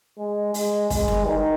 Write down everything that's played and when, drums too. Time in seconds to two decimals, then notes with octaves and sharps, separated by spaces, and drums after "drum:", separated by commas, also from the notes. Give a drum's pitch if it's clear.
0.18 G#3
0.54 G#3, drum: open hi-hat
0.90 G#3, drum: kick, open hi-hat
1.08 drum: snare
1.26 D#3